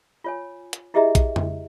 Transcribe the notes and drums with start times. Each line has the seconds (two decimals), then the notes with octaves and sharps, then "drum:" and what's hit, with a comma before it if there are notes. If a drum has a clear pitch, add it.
0.24 F4 C#5 G#5
0.73 drum: hi-hat
0.94 E4 G4 G#4 D#5 E5 A#5
1.15 drum: kick A#1, hi-hat
1.36 drum: tom F2